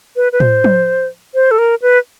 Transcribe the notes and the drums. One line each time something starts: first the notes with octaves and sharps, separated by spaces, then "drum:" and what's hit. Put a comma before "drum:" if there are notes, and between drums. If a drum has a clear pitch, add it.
B4
B4
C5, drum: tom A2
drum: tom F3
C5
A4
A#4
B4